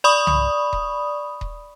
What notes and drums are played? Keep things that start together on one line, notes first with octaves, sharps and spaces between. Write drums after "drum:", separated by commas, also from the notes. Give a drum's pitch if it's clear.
D5 B5 C#6 D#6
drum: tom C2
drum: kick D#1
drum: kick D#1